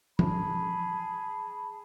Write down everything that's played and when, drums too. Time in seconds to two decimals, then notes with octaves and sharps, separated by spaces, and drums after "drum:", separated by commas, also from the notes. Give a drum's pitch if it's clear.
0.19 G#4 A5 B5, drum: tom F3